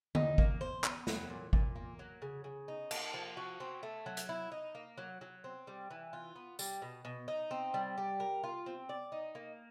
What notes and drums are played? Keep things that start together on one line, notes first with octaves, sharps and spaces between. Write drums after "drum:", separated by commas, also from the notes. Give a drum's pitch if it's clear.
D#4, drum: tom D3
A#3, drum: kick G#1
C5
B3, drum: clap
F#3, drum: snare
A#2
A#2, drum: kick G#1
A#3
F#3
C#3
C#3
D#4
A#3, drum: cymbal
F3
F#4
C4
A3
F#3
drum: hi-hat
E4
D#4
A#3
F#3
F#3
C4
G3
E3
F4
B3
G3, drum: tambourine
B2
B2
D#4
C4
G3
G4
A#4
F4
C4
D5
D#4
A#3